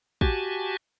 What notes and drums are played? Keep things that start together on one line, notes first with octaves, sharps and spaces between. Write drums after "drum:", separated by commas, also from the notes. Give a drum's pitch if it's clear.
F#4 G4 G#5 A5, drum: kick